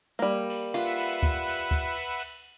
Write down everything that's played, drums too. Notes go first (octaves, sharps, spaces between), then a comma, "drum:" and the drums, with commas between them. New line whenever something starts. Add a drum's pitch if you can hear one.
G3 A#3
drum: cymbal
F4 B4 E5 F#5, drum: cymbal
drum: cymbal
drum: kick D2, cymbal
drum: cymbal
drum: kick D2, cymbal
drum: cymbal
drum: cymbal